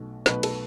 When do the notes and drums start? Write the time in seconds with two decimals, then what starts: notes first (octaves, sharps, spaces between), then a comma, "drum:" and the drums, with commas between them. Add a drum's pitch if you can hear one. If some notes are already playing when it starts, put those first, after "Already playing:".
Already playing: B1 B2 A3
0.26 B1 B2 A3 B4, drum: snare
0.43 A4, drum: cymbal